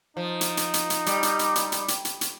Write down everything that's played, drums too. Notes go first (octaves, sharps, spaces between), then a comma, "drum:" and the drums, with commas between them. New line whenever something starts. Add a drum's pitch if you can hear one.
F3 D#4
drum: hi-hat
drum: hi-hat
drum: hi-hat
drum: hi-hat
G3, drum: hi-hat
drum: hi-hat
drum: hi-hat
drum: hi-hat
drum: hi-hat
drum: hi-hat
drum: hi-hat
drum: hi-hat